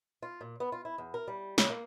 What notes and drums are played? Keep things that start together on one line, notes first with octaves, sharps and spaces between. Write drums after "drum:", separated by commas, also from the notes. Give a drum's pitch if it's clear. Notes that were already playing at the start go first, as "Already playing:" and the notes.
F4
A#2
B3
F4
E4
E2
A#4
G3
C#3, drum: snare
A#3